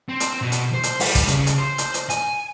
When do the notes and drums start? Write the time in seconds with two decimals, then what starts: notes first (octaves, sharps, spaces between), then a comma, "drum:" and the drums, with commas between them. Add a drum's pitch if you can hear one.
0.09 C4
0.20 drum: hi-hat
0.41 B2
0.52 drum: hi-hat
0.74 C5
0.83 drum: hi-hat
1.00 G3, drum: open hi-hat
1.15 drum: kick, hi-hat
1.28 C#3, drum: hi-hat
1.47 drum: hi-hat
1.58 C5
1.78 drum: hi-hat
1.94 drum: hi-hat
2.10 G#5, drum: hi-hat